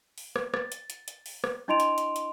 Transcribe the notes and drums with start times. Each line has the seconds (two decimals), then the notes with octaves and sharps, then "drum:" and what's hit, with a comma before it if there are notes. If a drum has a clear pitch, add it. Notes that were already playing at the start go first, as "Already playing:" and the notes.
0.18 drum: open hi-hat
0.36 drum: rim click
0.54 A6, drum: rim click
0.72 drum: hi-hat
0.90 drum: hi-hat
1.08 drum: hi-hat
1.26 drum: open hi-hat
1.44 drum: rim click
1.68 D4 E4 D#5 C6 D7 F7
1.80 drum: hi-hat
1.98 drum: hi-hat
2.16 drum: hi-hat